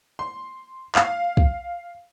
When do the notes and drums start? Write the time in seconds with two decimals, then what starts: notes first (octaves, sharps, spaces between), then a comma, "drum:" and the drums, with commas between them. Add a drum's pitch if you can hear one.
0.19 C6
0.95 F5, drum: clap
1.37 drum: kick